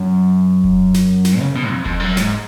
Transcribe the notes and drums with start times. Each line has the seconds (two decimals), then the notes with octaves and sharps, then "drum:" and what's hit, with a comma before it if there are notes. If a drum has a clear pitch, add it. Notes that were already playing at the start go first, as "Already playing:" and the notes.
Already playing: F#2
0.64 drum: kick E1
0.94 drum: snare
1.25 drum: snare
1.40 C#3
1.55 B2
1.70 F2
1.85 F2, drum: kick E1
2.00 F#2
2.17 A2, drum: snare
2.20 G#2